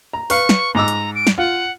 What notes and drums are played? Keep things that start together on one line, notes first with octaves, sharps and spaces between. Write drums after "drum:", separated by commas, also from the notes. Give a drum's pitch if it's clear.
A#5
B4 F5 C#6, drum: open hi-hat
drum: snare
G#2 A#5 D6 E6
drum: hi-hat
D7
drum: snare
F4 F#5